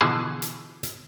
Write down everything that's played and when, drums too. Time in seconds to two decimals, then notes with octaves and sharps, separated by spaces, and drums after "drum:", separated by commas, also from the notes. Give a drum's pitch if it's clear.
0.01 B2 D3 E3 F3 G#4 A5
0.42 drum: hi-hat
0.83 drum: hi-hat